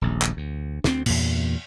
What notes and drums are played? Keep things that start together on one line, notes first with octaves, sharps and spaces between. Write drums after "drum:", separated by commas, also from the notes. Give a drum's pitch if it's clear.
D#1 A#1
drum: clap
D2
D2 C4, drum: snare
E2 G2 A#2, drum: cymbal